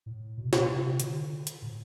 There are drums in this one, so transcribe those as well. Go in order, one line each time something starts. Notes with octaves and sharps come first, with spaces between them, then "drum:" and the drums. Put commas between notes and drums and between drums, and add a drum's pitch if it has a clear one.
A2
B2
C3
B2, drum: snare
B2
C3
D3, drum: hi-hat
drum: hi-hat
A2